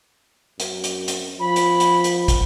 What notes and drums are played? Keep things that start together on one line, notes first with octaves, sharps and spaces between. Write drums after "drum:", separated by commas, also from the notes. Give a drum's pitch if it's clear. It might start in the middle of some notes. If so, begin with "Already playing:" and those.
F#2, drum: hi-hat
drum: hi-hat
drum: hi-hat
F3 B5
drum: hi-hat
drum: hi-hat
drum: hi-hat
drum: kick, hi-hat